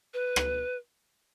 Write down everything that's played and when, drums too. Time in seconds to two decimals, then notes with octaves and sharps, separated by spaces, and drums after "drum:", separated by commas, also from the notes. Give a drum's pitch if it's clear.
0.14 B4
0.36 drum: rim click